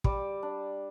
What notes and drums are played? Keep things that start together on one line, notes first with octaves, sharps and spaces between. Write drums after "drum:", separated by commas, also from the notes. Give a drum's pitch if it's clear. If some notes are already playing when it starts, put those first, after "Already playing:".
G3 D6, drum: kick
D4